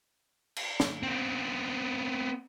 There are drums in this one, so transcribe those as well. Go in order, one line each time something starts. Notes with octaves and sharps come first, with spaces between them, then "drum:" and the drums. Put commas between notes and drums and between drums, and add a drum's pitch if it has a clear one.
drum: cymbal
drum: snare
B3 C4